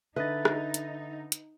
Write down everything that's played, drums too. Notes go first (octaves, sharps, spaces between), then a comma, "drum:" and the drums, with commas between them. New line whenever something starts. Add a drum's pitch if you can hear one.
D3 D#4 B4 D#5 E5 A6
drum: rim click
drum: hi-hat
drum: hi-hat